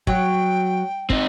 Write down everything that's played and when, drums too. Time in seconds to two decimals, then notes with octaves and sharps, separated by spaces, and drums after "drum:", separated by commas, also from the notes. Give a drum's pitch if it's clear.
0.07 F#3 G5, drum: kick
1.10 C4 D#4, drum: kick